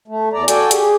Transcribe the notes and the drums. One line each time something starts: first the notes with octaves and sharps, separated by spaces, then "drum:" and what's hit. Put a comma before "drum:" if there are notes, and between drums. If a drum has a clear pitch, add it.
A3
E2 D5 A#5
F#4 A4 D5 G5 G#5, drum: hi-hat
G4 G#4, drum: hi-hat